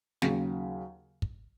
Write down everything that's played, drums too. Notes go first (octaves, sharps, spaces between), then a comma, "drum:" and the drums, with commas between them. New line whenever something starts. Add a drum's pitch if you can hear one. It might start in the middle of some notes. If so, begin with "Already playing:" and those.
D#2 C#3 F#3, drum: snare
drum: kick